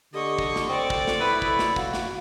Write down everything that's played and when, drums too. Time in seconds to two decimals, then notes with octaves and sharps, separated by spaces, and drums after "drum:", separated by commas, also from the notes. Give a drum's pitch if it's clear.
0.14 D3 G4 D#5 C#6
0.39 drum: kick
0.56 drum: snare
0.69 C4 A4 D5 C#6
0.90 drum: kick
1.07 drum: snare
1.21 E4 B4
1.42 drum: kick
1.59 drum: snare
1.76 F#4 F5, drum: kick
1.94 drum: snare